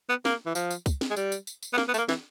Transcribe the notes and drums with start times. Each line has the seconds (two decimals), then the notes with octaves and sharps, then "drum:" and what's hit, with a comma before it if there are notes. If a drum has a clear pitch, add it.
0.09 B3
0.25 A#3, drum: snare
0.46 E3
0.55 F3, drum: tambourine
0.71 drum: tambourine
0.86 drum: kick C2, tambourine
1.01 drum: snare
1.10 G#3
1.17 G3, drum: tambourine
1.32 drum: tambourine
1.47 drum: tambourine
1.63 drum: tambourine
1.73 B3
1.78 A#3, drum: snare
1.88 B3
1.94 A3, drum: tambourine
1.98 A#3
2.09 E3, drum: snare